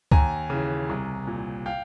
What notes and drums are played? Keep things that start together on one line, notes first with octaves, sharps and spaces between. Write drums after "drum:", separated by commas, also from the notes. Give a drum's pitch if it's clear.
D#2 G#5 A#5, drum: kick C#2
C#3 E3
C2
A#2
F5 G5